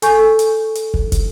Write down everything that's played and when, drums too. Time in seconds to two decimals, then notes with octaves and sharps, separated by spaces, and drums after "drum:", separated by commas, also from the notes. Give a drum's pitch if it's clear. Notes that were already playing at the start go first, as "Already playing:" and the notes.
0.02 A4 G#5 C#6 G6, drum: hi-hat
0.39 drum: hi-hat
0.75 drum: hi-hat
0.94 drum: kick
1.12 drum: kick, hi-hat